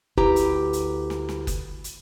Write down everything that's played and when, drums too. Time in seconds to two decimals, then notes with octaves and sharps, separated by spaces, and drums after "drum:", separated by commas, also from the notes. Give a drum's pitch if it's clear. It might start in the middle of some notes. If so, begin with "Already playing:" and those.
0.18 D2 E4 G4 B4 A#5, drum: kick F#1
0.36 drum: hi-hat
0.73 drum: hi-hat
1.10 drum: snare
1.29 drum: snare
1.47 drum: kick F#1, hi-hat
1.84 drum: hi-hat